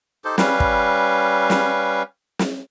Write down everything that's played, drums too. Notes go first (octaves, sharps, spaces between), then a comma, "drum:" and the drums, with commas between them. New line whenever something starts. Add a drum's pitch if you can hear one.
D#4 G4 A4 C5
G3 C#4 B4 F5, drum: snare
drum: kick
drum: snare
drum: snare